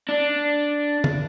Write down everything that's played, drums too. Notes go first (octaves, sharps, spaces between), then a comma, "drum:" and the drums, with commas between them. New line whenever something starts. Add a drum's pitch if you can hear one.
D4
drum: tom D3